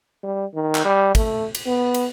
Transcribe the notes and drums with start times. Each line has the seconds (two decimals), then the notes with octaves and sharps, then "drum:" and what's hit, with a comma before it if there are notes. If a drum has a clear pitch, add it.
0.23 G3
0.54 D#3
0.75 drum: clap
0.85 G3
1.15 A3, drum: kick, cymbal
1.55 drum: cymbal
1.67 B3
1.94 drum: cymbal